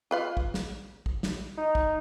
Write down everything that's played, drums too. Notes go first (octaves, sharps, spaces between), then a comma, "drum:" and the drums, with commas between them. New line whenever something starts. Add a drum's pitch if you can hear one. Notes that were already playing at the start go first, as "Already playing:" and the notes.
F4 B4 F5
drum: kick
drum: snare
drum: kick
drum: snare
D#4
drum: kick